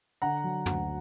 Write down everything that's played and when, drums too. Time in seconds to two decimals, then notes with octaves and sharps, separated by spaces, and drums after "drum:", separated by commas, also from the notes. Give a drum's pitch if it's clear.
0.22 D3 F#5 A#5
0.44 F#3
0.66 D2, drum: tom